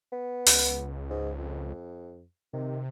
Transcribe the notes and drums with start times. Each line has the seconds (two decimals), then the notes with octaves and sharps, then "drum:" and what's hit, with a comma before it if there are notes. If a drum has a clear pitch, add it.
0.12 B3
0.46 C#2, drum: open hi-hat
1.10 G#2
1.38 F2
2.53 C3 D#3